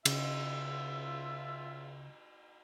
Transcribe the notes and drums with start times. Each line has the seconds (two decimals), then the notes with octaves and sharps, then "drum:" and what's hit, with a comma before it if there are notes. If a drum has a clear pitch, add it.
0.05 C#2 C#3 F4 E5, drum: cymbal